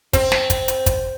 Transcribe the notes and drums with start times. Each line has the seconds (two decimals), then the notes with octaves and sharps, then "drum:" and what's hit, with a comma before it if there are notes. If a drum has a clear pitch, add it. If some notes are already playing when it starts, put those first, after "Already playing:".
0.13 C4, drum: kick, hi-hat
0.32 drum: snare
0.50 drum: kick, hi-hat
0.68 drum: hi-hat
0.86 drum: kick, hi-hat